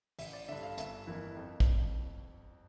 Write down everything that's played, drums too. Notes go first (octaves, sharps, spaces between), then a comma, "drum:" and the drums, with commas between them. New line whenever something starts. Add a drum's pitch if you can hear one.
A1 E5, drum: open hi-hat
D5
G2 D3 E5
F5
G1 E5, drum: hi-hat
F2 E3 A#3
F2
drum: kick